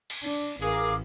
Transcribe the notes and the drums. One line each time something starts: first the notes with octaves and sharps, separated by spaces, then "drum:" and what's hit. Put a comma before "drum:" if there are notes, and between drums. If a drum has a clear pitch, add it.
drum: cymbal
D4
A1 G#4 A#4 F5 D6